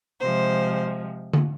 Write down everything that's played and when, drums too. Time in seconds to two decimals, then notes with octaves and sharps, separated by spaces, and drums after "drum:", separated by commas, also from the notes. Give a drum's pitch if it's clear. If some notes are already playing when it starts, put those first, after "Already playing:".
0.21 C3 F3 G#3 C5
1.33 drum: tom D3